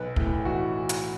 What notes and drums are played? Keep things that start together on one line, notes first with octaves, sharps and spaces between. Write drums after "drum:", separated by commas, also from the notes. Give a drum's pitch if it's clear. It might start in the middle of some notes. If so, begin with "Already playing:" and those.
Already playing: B1 B4
A2 E4, drum: kick
E3 F#4
drum: hi-hat